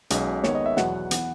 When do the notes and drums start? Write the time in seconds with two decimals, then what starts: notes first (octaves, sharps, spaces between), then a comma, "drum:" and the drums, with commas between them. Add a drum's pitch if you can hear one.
0.10 B1 B2 G#3 C#4, drum: hi-hat
0.44 D#2 D#3 G#3 B3 C#5, drum: snare
0.55 D#5
0.66 E5
0.77 E2 B2 F#3 B3 F#5, drum: snare
1.11 E3 B3, drum: hi-hat